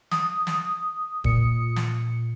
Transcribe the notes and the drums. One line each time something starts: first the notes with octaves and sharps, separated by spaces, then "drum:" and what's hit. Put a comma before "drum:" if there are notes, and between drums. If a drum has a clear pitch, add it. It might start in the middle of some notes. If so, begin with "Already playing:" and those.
D#6, drum: snare
drum: snare
A#2 C#7, drum: kick D#1
drum: snare